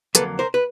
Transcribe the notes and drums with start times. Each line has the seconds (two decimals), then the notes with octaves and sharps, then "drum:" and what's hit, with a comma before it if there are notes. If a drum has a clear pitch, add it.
0.15 F2 D3 F#3 A#3 A4 B4, drum: hi-hat
0.39 A#4 C5
0.54 B4